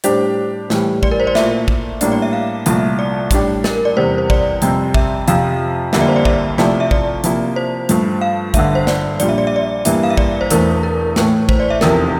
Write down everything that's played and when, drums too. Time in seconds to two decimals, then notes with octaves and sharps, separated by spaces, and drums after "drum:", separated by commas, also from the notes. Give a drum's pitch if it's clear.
0.04 A2 G3 D4 G4 C5 D5, drum: hi-hat
0.70 A2 E3 G3, drum: snare
1.03 D5, drum: kick
1.11 A#4
1.20 C5
1.27 D5
1.35 A#2 A3 E4 E5, drum: snare
1.68 drum: kick
2.01 A2 G3 A#3 D4, drum: hi-hat
2.12 D5
2.22 E5
2.33 F5
2.66 C2 A#2 F3 A3 E4 E5, drum: hi-hat
2.99 D5
3.31 A2 G3 D4 G4, drum: kick, hi-hat
3.64 A#4, drum: snare
3.85 D5
3.97 E2 C3 G3 C5
4.18 C5
4.30 D5, drum: kick
4.62 F2 C3 G3 C4, drum: hi-hat
4.94 E5, drum: kick
5.28 F2 C3 F3 F5, drum: hi-hat
5.93 F2 D3 G3 A#3 E4 E5, drum: snare
6.01 D5
6.08 C5
6.16 D5
6.25 E5, drum: kick
6.58 C3 F3 A3 E4 G4 D5, drum: snare
6.80 E5
6.91 D5, drum: kick
7.24 C3 F3 A#3 E4, drum: hi-hat
7.56 C5
7.89 G2 F3 A3, drum: hi-hat
8.21 F5
8.54 G1 G2 D3 E5, drum: kick, hi-hat
8.75 C5
8.87 D5, drum: snare
9.20 A#1 A#2 G3 D5, drum: hi-hat
9.29 E5
9.38 D5
9.47 E5
9.56 D5
9.85 G2 E3 G3 A#3 E5, drum: hi-hat
10.03 F5
10.10 E5
10.17 D5, drum: kick
10.41 C5
10.50 E1 E2 E3 A3 A#4, drum: hi-hat
10.83 A#4
11.16 A2 E3 A3, drum: snare
11.49 C5, drum: kick
11.60 D5
11.70 E5
11.81 F1 E2 C3 F3 A#4, drum: snare